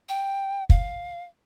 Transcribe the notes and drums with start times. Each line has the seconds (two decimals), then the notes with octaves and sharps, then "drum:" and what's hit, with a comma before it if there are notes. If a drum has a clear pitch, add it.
0.09 G5
0.70 F5, drum: kick